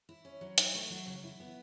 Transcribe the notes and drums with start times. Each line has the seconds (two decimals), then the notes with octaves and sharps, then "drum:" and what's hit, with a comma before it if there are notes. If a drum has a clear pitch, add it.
0.09 E4
0.25 C#4
0.41 F#3
0.58 D#4, drum: hi-hat
0.74 A3
0.90 F#3
1.07 C#3
1.24 E4
1.40 B3